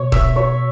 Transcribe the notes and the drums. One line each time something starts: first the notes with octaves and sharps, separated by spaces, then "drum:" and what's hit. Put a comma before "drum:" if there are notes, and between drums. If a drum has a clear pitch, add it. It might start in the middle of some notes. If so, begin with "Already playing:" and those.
Already playing: B2 C#5
B2 E5, drum: kick
F#4 C#5